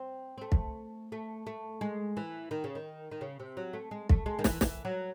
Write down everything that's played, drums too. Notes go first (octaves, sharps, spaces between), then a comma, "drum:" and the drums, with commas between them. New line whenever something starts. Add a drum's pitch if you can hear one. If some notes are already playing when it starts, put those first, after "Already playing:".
Already playing: C4
C4
A3
drum: kick
A3
A3
G#3
E3
D#3
C#3
D#3
D#3
C#3
C3
F#3
A3
G#3
A3, drum: kick
G#3
D#3
E3, drum: snare
E3, drum: snare
F#3